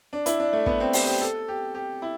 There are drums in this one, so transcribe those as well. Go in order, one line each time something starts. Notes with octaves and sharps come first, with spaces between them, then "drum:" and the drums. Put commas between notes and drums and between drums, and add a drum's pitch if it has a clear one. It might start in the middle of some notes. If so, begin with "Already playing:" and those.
D4
E4, drum: hi-hat
D4
A3
B3, drum: kick
C4
G4, drum: open hi-hat
G4
A4
G4
G4
E4